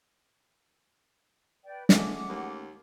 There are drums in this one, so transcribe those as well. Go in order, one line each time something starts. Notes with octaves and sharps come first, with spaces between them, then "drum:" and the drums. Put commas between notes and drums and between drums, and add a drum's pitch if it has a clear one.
B4 D5 G5
G#3 A3 C#4 G#4 F#5 D6, drum: snare
D#2